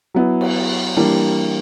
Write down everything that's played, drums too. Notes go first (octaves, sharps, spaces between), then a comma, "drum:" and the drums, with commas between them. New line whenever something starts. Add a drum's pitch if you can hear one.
F#3 B3 E4
drum: cymbal
E3 G3 A#3 D4